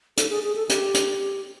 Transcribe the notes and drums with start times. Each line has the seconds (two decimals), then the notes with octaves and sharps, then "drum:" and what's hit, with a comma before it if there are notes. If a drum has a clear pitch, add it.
0.17 A4, drum: hi-hat
0.30 G#4
0.43 G#4
0.55 A4
0.69 G4, drum: hi-hat
0.94 drum: hi-hat